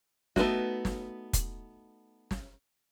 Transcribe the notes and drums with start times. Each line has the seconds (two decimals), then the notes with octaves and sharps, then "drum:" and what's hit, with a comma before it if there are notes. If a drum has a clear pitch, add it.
0.36 A3 B3 D#4 F4 F#4, drum: snare
0.85 drum: snare
1.33 drum: kick, hi-hat
2.31 drum: snare